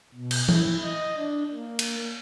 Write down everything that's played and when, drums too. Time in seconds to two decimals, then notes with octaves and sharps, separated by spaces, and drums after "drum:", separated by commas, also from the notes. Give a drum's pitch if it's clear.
0.14 B2
0.31 drum: cymbal
0.49 E4, drum: tom E3
0.83 D#5
1.17 D4
1.53 A#3
1.79 drum: cymbal